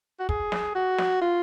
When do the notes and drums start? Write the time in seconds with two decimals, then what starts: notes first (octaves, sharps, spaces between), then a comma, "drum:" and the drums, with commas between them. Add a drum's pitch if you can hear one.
0.20 F#4
0.29 G#4, drum: kick
0.52 drum: snare
0.75 F#4
0.98 drum: snare
1.22 F4